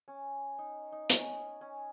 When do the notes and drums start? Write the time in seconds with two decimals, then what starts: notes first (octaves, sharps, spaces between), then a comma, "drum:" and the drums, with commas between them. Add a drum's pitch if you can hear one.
0.08 C#4
0.58 D#4
0.92 D#4
1.10 C#4, drum: hi-hat
1.61 C#4